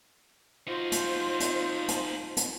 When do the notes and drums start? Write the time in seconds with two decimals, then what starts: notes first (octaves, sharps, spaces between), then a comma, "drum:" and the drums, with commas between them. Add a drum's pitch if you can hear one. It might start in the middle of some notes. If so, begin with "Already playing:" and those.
0.68 D#4 F4 F#4 C5
0.92 drum: hi-hat
1.40 drum: hi-hat
1.88 drum: hi-hat
2.37 drum: hi-hat